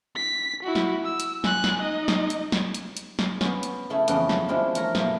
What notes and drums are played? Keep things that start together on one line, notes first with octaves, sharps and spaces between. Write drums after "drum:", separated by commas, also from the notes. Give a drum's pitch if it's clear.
B6
E4 F#4
drum: snare
E6
drum: hi-hat
G#5 F#6, drum: snare
drum: snare
D#4 D#5
drum: snare
drum: hi-hat
drum: snare
drum: hi-hat
drum: hi-hat
drum: snare
B3 C#4, drum: snare
drum: hi-hat
C#3 A3 E4 A4 G#5
F2 C#3 E3 B3 C#4 G5, drum: hi-hat
drum: snare
F3 G3 G#3 D4 E4 F4
A3 A4 A#4 C#5 A#5, drum: hi-hat
B2 A3 A#3, drum: snare